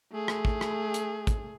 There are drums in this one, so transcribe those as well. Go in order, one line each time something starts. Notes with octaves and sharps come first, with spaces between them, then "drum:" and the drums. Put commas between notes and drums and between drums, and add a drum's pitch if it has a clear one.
A3 G#4
drum: rim click
drum: kick
drum: rim click
drum: hi-hat
drum: kick, hi-hat